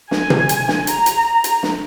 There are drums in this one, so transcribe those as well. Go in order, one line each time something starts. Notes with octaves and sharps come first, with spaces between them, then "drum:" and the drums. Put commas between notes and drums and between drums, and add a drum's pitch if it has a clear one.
G#5, drum: snare
drum: tom
drum: hi-hat
drum: snare
A#5, drum: hi-hat
drum: hi-hat
drum: hi-hat
drum: snare